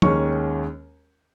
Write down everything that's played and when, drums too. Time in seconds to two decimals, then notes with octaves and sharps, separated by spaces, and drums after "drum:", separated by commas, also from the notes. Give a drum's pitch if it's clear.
0.02 D#2 D#3 G#3 C#4 C#6, drum: tom